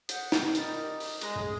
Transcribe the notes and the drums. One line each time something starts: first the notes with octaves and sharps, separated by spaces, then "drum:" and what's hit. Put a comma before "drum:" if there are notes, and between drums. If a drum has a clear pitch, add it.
F#5 D#6 G6, drum: hi-hat
drum: snare
D#4 A#4 D5 B5, drum: hi-hat
G4
drum: open hi-hat
G#3 A#5 F#6 A#6, drum: hi-hat
B1 F#2 A2 G#4